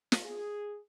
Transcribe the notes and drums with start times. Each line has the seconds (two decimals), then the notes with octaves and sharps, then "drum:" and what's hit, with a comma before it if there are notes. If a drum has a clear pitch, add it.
0.12 drum: snare
0.24 G#4